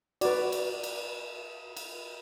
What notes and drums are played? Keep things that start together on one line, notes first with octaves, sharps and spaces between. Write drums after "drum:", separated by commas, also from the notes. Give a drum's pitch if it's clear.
F#4 B4 D5, drum: cymbal
drum: cymbal
drum: cymbal
drum: cymbal